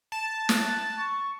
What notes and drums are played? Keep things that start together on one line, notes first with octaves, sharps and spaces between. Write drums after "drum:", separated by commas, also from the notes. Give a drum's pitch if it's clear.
A5
F#6, drum: snare
C#6